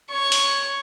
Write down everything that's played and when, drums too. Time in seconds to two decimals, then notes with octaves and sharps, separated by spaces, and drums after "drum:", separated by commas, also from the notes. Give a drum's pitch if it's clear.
0.11 C#5 C#6
0.32 drum: open hi-hat